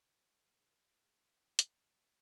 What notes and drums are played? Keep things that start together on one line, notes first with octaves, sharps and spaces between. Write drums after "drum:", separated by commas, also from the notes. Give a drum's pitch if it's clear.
F#3
G#3
A#3 D#4
G#4
A#4
A#4
G#4
B3 F#4
C#4, drum: hi-hat
D#3
F3
F#3
G#3 C#4